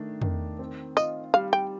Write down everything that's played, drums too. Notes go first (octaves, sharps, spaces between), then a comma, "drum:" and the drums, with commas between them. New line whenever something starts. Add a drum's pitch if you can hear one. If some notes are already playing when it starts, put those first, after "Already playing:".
Already playing: D#3 A3 D4
D#3, drum: tom
C4
F4 D#5, drum: tambourine
G3 F5
G5